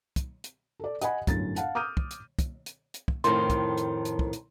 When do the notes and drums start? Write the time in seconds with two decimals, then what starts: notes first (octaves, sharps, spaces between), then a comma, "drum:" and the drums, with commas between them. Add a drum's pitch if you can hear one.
0.16 drum: kick, hi-hat
0.44 drum: hi-hat
0.80 A4 D5
1.02 D#5 F#5 G#5 B5, drum: hi-hat
1.27 G1 F#2 A2 A6, drum: kick, hi-hat
1.56 F5 F#5 A5, drum: hi-hat
1.75 D6 D#6 F6 G6 D#7
1.97 drum: kick
2.11 drum: hi-hat
2.39 drum: kick, hi-hat
2.66 drum: hi-hat
2.94 drum: hi-hat
3.08 drum: kick
3.24 F2 A2 D#3 C6, drum: hi-hat
3.50 drum: kick, hi-hat
3.77 drum: hi-hat
4.05 drum: hi-hat
4.19 drum: kick
4.33 drum: hi-hat